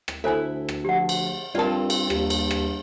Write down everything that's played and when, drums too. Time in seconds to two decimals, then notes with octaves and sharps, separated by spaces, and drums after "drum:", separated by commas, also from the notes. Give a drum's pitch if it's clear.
0.08 drum: rim click
0.24 D2 E4 A4 C5 E5 G#5
0.69 drum: rim click
0.85 F3 G4 F#5
1.09 drum: cymbal
1.55 G2 C4 F4 A#4 D5 A5
1.90 drum: cymbal
2.10 D#2 G4, drum: rim click
2.30 drum: cymbal
2.51 drum: rim click